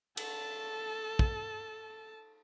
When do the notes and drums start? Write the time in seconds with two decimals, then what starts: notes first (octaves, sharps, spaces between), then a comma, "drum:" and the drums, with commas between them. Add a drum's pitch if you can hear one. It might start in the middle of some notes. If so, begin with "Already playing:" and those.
0.17 A4 A5, drum: cymbal
1.19 drum: kick